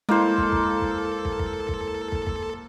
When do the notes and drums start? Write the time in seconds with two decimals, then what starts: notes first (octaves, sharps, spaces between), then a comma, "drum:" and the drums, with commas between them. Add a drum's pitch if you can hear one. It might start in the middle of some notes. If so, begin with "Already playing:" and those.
0.09 G#3 A#3 E4 A4 C5
0.38 drum: kick
0.52 drum: kick
0.81 drum: kick
1.25 drum: kick
1.39 drum: kick
1.68 drum: kick
2.12 drum: kick
2.27 drum: kick